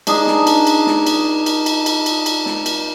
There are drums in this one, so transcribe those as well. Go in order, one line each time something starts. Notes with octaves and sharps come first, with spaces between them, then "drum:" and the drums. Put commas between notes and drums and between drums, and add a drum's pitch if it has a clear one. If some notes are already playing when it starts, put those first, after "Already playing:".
D4 D#4 G#4 D#5, drum: cymbal
drum: snare
drum: cymbal
drum: cymbal
drum: snare
drum: cymbal
drum: cymbal
drum: cymbal
drum: cymbal
drum: cymbal
drum: cymbal
drum: snare
drum: cymbal